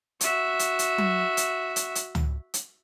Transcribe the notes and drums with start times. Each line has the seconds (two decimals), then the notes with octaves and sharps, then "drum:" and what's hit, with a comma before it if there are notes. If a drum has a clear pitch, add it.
0.21 F#4 E5, drum: hi-hat
0.59 drum: hi-hat
0.79 drum: hi-hat
0.98 drum: tom F#3
1.37 drum: hi-hat
1.76 drum: hi-hat
1.95 drum: hi-hat
2.15 drum: tom C#2
2.54 drum: hi-hat